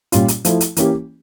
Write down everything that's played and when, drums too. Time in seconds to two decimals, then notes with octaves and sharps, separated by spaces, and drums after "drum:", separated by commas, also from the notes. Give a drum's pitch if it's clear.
0.12 A#2 G3 C#4 F4, drum: hi-hat
0.28 drum: hi-hat
0.45 F3 A3 E4, drum: hi-hat
0.60 drum: hi-hat
0.77 E3 A#3 C#4 G4, drum: hi-hat